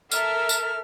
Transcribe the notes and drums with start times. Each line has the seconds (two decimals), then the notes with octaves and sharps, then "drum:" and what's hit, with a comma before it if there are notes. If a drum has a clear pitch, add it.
0.11 A4 A#4 E5 F6, drum: tambourine
0.49 drum: tambourine